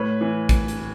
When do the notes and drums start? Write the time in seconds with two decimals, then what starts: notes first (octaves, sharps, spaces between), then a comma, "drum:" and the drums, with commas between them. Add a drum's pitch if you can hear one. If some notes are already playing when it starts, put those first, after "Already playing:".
Already playing: A2 B4 C#5
0.21 E3
0.49 drum: kick, hi-hat
0.68 drum: hi-hat